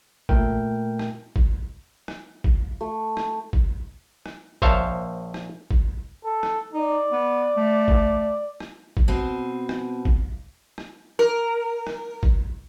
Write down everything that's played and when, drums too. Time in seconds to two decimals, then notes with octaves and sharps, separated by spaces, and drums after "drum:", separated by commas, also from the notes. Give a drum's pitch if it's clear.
0.29 A#2 A3 A#4 G5, drum: kick
0.99 drum: rim click
1.36 drum: kick
2.08 drum: rim click
2.44 drum: kick
2.81 A3
3.17 drum: rim click
3.53 drum: kick
4.26 drum: rim click
4.62 A#1 C5 C#5 E5 F5 A5, drum: kick
5.34 drum: rim click
5.71 drum: kick
6.24 A4
6.43 drum: rim click
6.73 D#4 D5
7.12 B3
7.57 A3
7.88 drum: kick
8.60 drum: rim click
8.97 drum: kick
9.08 B2 C4
9.69 drum: rim click
10.05 drum: kick
10.78 drum: rim click
11.19 A#4
11.87 drum: rim click
12.23 drum: kick